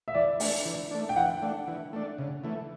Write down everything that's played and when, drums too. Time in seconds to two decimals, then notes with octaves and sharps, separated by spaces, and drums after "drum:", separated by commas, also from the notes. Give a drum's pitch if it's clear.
0.08 E5
0.15 E3 D5
0.40 A3 D4, drum: open hi-hat
0.65 E3
0.91 A3 D4
1.09 G5
1.16 E3 F#5
1.42 A3 D4
1.67 E3
1.93 A3 D4
2.18 C#3
2.44 E3 A3